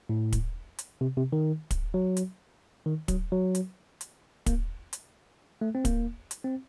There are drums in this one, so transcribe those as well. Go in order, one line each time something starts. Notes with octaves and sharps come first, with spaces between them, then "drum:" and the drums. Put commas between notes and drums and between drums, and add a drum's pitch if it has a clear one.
A2
drum: kick, hi-hat
drum: hi-hat
C3
C3
D#3
drum: kick, hi-hat
F#3
drum: hi-hat
D#3
F#3, drum: kick, hi-hat
F#3
drum: hi-hat
drum: hi-hat
A#3, drum: kick, hi-hat
drum: hi-hat
A3
C4
A#3, drum: kick, hi-hat
drum: hi-hat
C4